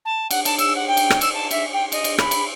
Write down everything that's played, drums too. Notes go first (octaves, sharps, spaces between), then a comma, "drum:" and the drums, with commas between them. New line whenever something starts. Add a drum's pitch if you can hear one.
A5
F#5, drum: cymbal
A5, drum: cymbal
E6, drum: cymbal
F#5
G5
drum: cymbal
drum: rim click
E6, drum: cymbal
A5
E5, drum: cymbal
G5
D#5, drum: cymbal
drum: cymbal
B5, drum: rim click
drum: cymbal